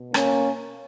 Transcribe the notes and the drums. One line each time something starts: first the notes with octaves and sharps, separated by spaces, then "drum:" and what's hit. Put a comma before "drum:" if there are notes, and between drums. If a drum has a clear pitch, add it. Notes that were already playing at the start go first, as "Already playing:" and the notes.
Already playing: B2
A#3 C#4, drum: rim click